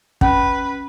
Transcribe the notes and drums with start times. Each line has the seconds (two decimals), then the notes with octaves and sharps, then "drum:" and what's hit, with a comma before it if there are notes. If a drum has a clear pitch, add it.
0.21 C#4 B4, drum: kick